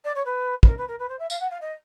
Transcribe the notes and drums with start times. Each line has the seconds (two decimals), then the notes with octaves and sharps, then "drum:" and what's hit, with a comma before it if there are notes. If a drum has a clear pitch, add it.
0.04 D5
0.15 C#5
0.25 B4
0.63 B4, drum: kick
0.67 A#4
0.78 B4
0.88 A#4
0.99 B4
1.09 C5
1.19 E5
1.30 F5, drum: tambourine
1.40 F#5
1.50 F5
1.61 D#5